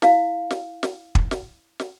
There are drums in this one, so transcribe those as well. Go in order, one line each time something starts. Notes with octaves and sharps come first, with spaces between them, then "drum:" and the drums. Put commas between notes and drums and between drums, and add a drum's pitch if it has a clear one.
E4 F5, drum: snare
drum: snare
drum: snare
drum: kick
drum: snare
drum: snare